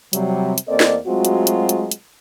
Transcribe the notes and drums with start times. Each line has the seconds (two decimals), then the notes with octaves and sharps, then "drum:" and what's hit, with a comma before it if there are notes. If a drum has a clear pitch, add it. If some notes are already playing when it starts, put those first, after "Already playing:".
0.13 C3 F#3 G3, drum: hi-hat
0.58 drum: hi-hat
0.68 E2 A#3 C4 A4 D5 D#5
0.80 drum: snare
1.07 F#3 G#3 A3 C4 F4 F#4
1.25 drum: hi-hat
1.47 drum: hi-hat
1.69 drum: hi-hat
1.91 drum: hi-hat